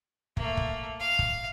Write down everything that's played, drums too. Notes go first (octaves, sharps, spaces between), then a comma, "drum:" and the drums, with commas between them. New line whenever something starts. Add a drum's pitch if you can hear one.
A3 A#3, drum: kick
drum: kick
F5
drum: kick